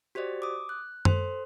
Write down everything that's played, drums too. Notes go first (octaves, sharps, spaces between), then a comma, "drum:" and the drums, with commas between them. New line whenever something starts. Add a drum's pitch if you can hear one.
F#4 G4 C5 D5 D#5
D6 D#6
F#6
A4 C5 C6, drum: tom F#2